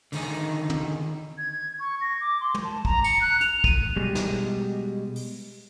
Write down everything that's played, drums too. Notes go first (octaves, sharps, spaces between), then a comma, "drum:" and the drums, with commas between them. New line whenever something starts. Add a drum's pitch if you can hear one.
D3 D#3 D#4 G#4, drum: open hi-hat
drum: tom
G#6
C#6
A#6
D6
C6
drum: tom
A5
A#5, drum: kick
C#7, drum: tambourine
F#6
F7, drum: hi-hat
D#7, drum: kick
B2 G3 G#3
drum: snare
drum: open hi-hat